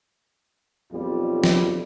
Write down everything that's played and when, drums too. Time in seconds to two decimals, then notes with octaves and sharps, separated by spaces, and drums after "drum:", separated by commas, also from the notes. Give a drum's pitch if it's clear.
0.92 B1 F2 G3 F4
1.44 drum: snare